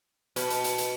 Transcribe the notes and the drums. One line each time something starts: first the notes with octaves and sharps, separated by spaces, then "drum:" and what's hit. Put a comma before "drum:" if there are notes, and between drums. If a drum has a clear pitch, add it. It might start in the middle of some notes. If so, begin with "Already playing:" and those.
B2, drum: hi-hat
drum: hi-hat
drum: hi-hat
drum: hi-hat